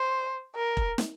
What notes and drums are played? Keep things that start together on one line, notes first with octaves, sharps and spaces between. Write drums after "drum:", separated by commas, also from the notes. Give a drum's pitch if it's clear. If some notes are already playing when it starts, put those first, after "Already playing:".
Already playing: C5
A#4
drum: kick E1
drum: snare